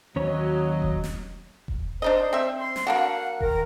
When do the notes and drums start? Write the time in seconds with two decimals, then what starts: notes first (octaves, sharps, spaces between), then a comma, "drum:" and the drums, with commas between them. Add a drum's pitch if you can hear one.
0.16 D#2 F#3 C#4 C#5 D#5
0.82 drum: kick E1
1.04 drum: snare
1.68 drum: kick E1
2.02 D4 D#4 C5 D#5
2.33 C4 E5
2.60 C6
2.76 drum: snare
2.87 A#3 D4 F#4 F5 F#5
3.41 D#3 A#4, drum: kick E1